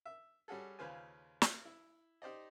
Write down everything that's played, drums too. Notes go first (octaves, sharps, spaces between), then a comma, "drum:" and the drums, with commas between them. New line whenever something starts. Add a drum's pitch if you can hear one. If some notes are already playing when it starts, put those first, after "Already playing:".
E5
G3 C#4 F#4 G#4 A4
D#2 C#3 F4 B4 C5 G#5
drum: snare
E4
D#4 G4 C5 D5 D#5